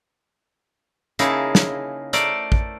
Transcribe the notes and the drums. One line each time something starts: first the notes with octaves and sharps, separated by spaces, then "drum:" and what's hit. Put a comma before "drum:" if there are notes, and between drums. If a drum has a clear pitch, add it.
C#3 A#3 D#4 E4 G#4 A5, drum: hi-hat
drum: snare
A3 A4 A#4 C5 D5, drum: hi-hat
drum: kick